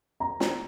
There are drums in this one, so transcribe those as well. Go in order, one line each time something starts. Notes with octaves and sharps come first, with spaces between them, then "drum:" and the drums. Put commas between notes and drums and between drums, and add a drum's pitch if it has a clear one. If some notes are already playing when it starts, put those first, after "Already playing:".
A#5
drum: snare